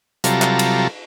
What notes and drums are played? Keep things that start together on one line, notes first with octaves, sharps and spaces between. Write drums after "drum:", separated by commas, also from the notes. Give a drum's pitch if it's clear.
C3 F#3 G3 F4 A4 A#5, drum: hi-hat
drum: clap
drum: cymbal